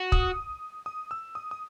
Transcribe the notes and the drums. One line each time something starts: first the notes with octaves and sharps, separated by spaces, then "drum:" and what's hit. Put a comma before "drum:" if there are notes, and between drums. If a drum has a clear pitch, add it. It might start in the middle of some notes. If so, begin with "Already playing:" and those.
Already playing: F#4
D#6, drum: kick
D#6
E6
D#6
D#6